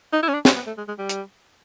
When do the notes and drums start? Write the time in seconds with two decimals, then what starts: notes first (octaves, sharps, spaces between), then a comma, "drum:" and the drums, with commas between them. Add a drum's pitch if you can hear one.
0.13 D#4
0.23 E4
0.28 C#4
0.34 D4
0.45 C#4, drum: snare
0.56 B3
0.67 A3
0.77 G#3
0.88 G#3
0.98 G3
1.09 drum: hi-hat